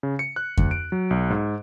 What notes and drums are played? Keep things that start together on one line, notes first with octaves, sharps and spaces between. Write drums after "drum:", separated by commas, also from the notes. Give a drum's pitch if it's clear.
C#3
C#7
F#6
D2, drum: kick F2
D7
F#3
B1
G#2